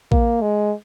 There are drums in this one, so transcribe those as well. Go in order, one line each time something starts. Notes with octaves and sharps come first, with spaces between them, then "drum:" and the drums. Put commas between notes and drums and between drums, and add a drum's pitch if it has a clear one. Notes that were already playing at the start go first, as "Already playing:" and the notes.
A#3, drum: kick A#1
G#3